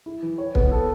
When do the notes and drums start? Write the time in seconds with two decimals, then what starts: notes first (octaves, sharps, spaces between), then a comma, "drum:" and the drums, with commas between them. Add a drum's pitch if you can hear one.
0.06 E4
0.23 E3
0.38 C#5
0.55 B3, drum: kick
0.71 A4